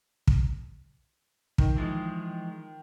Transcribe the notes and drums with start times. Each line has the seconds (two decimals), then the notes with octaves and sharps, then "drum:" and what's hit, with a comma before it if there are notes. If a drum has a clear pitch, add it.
0.27 drum: kick
1.58 D#3, drum: kick
1.76 E3 F3 G#3